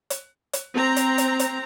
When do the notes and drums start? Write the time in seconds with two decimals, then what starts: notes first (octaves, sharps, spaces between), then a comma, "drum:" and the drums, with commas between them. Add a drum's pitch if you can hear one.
0.10 drum: hi-hat
0.53 drum: hi-hat
0.75 C4 A#5
0.96 drum: hi-hat
1.18 drum: hi-hat
1.39 drum: hi-hat